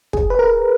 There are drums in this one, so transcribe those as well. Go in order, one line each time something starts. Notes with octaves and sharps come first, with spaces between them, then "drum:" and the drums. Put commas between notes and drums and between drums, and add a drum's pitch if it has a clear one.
G#4, drum: kick
B4
A#4